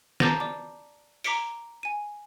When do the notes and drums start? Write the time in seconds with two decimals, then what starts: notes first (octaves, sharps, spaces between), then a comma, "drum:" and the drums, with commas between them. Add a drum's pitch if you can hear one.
0.20 A5 A#5 D6 G6 A6 A#6, drum: snare
0.40 D5 D6
1.24 A#5 D6 B6 C#7 D7, drum: open hi-hat
1.83 G#5 D#7